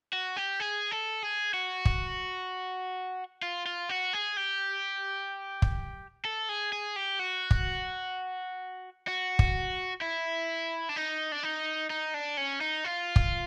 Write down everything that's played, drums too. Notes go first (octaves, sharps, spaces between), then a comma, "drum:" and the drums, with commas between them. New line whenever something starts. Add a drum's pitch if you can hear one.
F#4
G4
G#4
A4
G#4
F#4
drum: kick
F4
F4
F#4
G#4
G4
drum: kick
A4
G#4
G#4
G4
F#4
drum: kick
F#4
drum: kick
E4
D4
D#4
D4
D#4
D#4
D4
C#4
D#4
F4
drum: kick